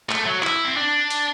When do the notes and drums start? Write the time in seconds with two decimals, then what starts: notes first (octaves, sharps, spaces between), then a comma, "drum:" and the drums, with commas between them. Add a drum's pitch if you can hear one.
0.10 A3, drum: clap
0.26 F#3
0.43 E4, drum: clap
0.65 C4
0.77 D4
1.10 drum: hi-hat